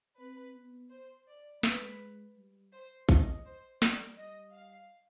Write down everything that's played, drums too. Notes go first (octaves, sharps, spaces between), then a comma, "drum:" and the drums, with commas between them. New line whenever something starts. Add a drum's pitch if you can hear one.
C4 B4
B3
C5
D5
G#3 B4, drum: snare
G3
C5
D#5, drum: kick A1
C5
G3 D5, drum: snare
G3 D#5
F5